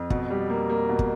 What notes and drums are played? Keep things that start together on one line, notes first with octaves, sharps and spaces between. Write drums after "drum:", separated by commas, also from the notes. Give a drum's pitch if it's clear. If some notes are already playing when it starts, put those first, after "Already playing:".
Already playing: F2
B2, drum: kick
G3
A#3
A#3
B2
drum: kick